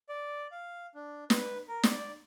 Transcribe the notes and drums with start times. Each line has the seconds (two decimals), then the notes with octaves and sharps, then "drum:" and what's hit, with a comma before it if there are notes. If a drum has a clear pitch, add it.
0.09 D5
0.51 F5
0.95 D4
1.30 B4, drum: snare
1.68 A#4
1.83 D5, drum: snare